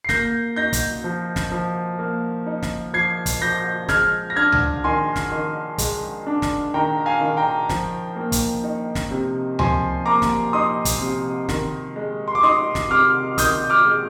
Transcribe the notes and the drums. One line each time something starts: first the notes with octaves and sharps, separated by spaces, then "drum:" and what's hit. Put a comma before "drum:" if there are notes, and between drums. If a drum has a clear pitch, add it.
C7
A#3 G6 A#6, drum: snare
D#4 G6 A#6
drum: kick, hi-hat
F3
drum: snare
F3
A#3
D#4
drum: snare
F3 G#6 C7
drum: kick, hi-hat
F3 G6 A#6
G#3 F6 G#6, drum: snare
A#6
D4 F6 G#6
drum: tom C#2
D#3 G#5 C6
drum: snare
D#3
G#3, drum: kick, hi-hat
D4
drum: snare
D#3 G5 A#5
F5 G#5
D#3
G5 A#5
F3, drum: snare
A#3
drum: kick, hi-hat
D#4
drum: snare
C3
F3 G#5 C6, drum: tom C#2
A#3 A#5 D6
drum: snare
D#4 C6 D#6
drum: kick, hi-hat
C3
D#3, drum: snare
G#3
C6
D6
D#4 C6 D#6
drum: snare
C3 D6 F6
D#3 D#6 G6, drum: kick, hi-hat
D6 F6
G#3